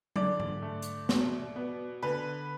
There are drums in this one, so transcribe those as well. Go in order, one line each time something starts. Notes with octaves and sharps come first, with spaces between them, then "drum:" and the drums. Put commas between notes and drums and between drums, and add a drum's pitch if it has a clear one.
D3 D5, drum: tom F#3
drum: tom G#2
A3
drum: hi-hat
B2, drum: snare
B3
D3 B4